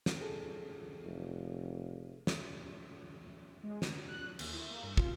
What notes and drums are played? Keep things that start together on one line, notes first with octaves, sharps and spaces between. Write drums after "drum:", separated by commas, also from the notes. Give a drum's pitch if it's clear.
drum: snare
G#4 A4
F1
drum: snare
G#3
D3, drum: snare
F#6
D#2, drum: cymbal
E4
A#3
G2
F4, drum: kick